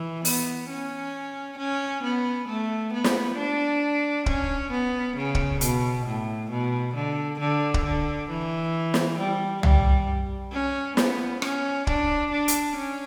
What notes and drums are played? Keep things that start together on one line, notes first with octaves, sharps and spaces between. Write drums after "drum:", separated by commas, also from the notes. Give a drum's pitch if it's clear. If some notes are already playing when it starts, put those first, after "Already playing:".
Already playing: E3
B3, drum: open hi-hat
C#4
C#4
B3
A3
B3
drum: snare
D4
C#4, drum: kick
B3
C#3
drum: kick
B2, drum: hi-hat
A2
B2
D3
D3
drum: kick
D3
E3
drum: snare
G3
G3, drum: tom C2
C#4
B3, drum: snare
C#4, drum: rim click
D4, drum: kick
D4
drum: hi-hat
C#4